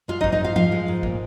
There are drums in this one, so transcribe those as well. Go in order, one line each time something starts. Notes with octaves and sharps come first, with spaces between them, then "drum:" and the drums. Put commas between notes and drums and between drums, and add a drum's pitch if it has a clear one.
G#3 F4 F5
D#4 D#5
G#2, drum: kick
D#4 D#5
G#2 F4 F5
F3 F4 F5
G#3
G#2
A#2, drum: kick